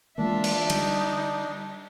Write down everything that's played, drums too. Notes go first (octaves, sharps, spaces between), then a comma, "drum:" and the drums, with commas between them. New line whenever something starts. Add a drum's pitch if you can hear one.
E3 G#3 A#3 D4 F4 E5
drum: cymbal
D3 G3 D#4, drum: cymbal